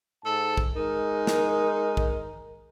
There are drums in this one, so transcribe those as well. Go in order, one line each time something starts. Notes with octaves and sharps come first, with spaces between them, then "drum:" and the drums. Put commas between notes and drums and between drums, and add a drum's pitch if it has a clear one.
G#2 A4 A5
drum: kick
G#3 D#4 A#4
drum: snare
drum: kick